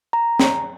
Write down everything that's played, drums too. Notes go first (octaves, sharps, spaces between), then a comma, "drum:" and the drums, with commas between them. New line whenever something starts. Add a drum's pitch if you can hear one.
A#5
drum: snare